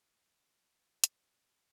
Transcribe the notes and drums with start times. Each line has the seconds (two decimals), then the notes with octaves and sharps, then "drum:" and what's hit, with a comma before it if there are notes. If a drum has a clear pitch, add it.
0.12 G#1 D2 F3 B4
1.04 drum: hi-hat